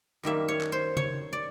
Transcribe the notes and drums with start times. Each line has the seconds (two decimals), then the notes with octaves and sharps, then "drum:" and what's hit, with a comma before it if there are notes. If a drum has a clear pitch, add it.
0.23 F#2 D#3 G3 A#3 E5
0.48 C#5
0.61 drum: clap
0.72 C5
0.97 C#5, drum: tom C#3
1.33 D5